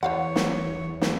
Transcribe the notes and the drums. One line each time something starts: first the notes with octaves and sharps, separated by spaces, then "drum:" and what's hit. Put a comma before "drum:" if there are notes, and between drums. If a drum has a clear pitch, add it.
E2 C5 C#5 F5 F#5
drum: snare
drum: snare